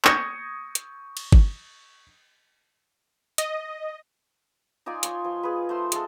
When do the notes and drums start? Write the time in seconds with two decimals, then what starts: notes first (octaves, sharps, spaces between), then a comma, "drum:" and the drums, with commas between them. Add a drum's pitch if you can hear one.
0.05 C#6 D#6 G6 G#6 A#6 C#7, drum: clap
0.75 drum: hi-hat
1.17 drum: cymbal
1.32 drum: kick G1
3.38 D#5, drum: hi-hat
4.86 D#4 F4 D5 G#5
5.03 C#5 G#5 C6, drum: hi-hat
5.24 F3 C6
5.43 G#4 B4
5.69 A3 C5 C6
5.92 G#3 A3 A4, drum: hi-hat